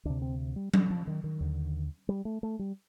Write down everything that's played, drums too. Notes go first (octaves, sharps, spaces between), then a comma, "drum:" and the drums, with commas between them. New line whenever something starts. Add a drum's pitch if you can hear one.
D2 C3 D4
C4
G3
G3, drum: tom F#3
F3
D#3
D#3
D#2 D3
G3
A3
A3
G3